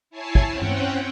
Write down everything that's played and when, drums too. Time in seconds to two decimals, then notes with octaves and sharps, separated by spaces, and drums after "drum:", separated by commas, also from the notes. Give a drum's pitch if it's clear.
0.10 E4 C#5 G#5 A5 C7
0.35 drum: kick
0.47 C4 C#4 F#5 G5
0.62 drum: tom G2